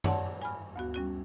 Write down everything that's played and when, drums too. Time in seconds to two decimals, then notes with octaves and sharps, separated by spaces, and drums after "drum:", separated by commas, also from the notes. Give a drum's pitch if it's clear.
0.04 C#5 D5 F#5 A5 C6, drum: tom F#2
0.42 G#5 B5 F6
0.76 D2 B3 F#4
0.94 G3 C#4 F#4